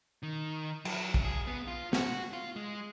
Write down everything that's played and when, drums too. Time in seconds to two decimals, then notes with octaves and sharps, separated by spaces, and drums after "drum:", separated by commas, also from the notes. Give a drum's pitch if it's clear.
0.23 D#3
0.85 F#3, drum: cymbal
1.14 drum: kick
1.25 G#4
1.47 B3
1.68 F4
1.93 F#4, drum: snare
2.33 F4
2.56 G#3